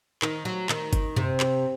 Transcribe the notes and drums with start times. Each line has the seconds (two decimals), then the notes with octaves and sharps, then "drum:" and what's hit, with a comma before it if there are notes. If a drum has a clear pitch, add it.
0.22 D#3, drum: clap
0.45 F#3
0.69 D#3, drum: clap
0.93 drum: kick G1, hi-hat
1.16 C3, drum: tom F#2
1.40 drum: clap